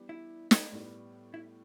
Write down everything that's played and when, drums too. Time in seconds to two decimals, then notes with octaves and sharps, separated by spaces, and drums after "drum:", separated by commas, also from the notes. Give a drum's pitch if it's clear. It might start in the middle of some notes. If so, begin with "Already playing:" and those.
Already playing: E3 G3 B3 D4 G4
0.09 E4
0.51 drum: snare
0.72 A2 G3 B3
1.34 E4